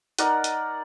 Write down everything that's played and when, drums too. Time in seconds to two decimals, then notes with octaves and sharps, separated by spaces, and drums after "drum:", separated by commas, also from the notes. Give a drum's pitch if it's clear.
0.19 D#4 A#4 D5 F#5, drum: hi-hat
0.44 drum: hi-hat